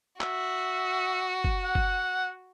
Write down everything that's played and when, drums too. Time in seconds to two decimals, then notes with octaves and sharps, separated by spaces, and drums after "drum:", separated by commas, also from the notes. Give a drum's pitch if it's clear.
0.21 F#4 E5, drum: clap
1.44 drum: kick
1.64 F#5
1.75 drum: kick